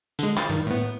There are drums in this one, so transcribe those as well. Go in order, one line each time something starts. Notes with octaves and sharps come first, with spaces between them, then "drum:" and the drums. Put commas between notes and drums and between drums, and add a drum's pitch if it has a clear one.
D3 G#3, drum: tambourine
A6, drum: clap
G2 D#3
A2 B3